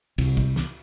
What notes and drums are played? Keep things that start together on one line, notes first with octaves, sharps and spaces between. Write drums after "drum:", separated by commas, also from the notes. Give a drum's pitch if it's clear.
C2, drum: cymbal
drum: kick
drum: snare